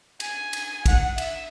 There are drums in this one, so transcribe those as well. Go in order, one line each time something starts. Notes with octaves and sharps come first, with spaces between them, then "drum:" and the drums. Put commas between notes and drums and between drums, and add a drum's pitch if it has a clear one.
G#5, drum: cymbal
drum: cymbal
F#5, drum: kick, cymbal
E5, drum: cymbal